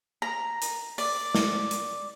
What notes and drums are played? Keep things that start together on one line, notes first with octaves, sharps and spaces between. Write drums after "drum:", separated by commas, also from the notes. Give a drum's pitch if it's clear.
A#5
drum: hi-hat
D5, drum: open hi-hat
drum: snare
drum: hi-hat